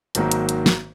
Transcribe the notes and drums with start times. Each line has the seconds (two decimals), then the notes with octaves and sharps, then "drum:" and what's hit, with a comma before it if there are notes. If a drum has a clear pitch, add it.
0.15 G#1 G#2 D#3 F#3 A#3, drum: hi-hat
0.32 drum: hi-hat
0.49 drum: hi-hat
0.66 drum: snare